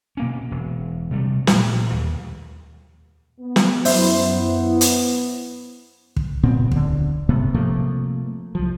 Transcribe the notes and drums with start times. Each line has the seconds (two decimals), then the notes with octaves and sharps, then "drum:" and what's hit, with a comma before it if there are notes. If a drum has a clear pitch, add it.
0.17 B2 A#3 C#4
0.51 E1
1.11 C3 G3 A3
1.47 E1 A#2 E3, drum: snare
1.94 D#2
3.39 B3
3.56 drum: snare
3.85 F#2 E4 C5, drum: open hi-hat
4.81 drum: hi-hat
6.16 drum: kick
6.43 A#2 C#3 B3 C4
6.72 D1 D3, drum: kick
7.29 G#2 C3 A3 B3
7.54 C3 F3 A3 A#3
8.55 C2 F3